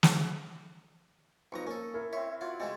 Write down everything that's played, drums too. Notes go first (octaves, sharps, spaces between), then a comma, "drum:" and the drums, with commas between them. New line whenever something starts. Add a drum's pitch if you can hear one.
drum: snare
B1 F2 D#5 A#5 C#6
A#3 C#4 A4
E4 A#4
C4 E4 C#5 E5
F4 F#4 C#5 D5
C#3 G#3 C4 A4 D#5